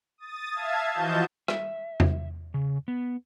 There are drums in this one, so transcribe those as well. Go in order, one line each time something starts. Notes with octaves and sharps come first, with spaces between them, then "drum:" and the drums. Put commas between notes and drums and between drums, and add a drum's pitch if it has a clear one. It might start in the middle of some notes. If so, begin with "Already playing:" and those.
D#6 A6
E5 F5 A5 G#6
E3 F3 F#4 D#5 A5 G6
E5, drum: rim click
drum: tom E2
C#3
B3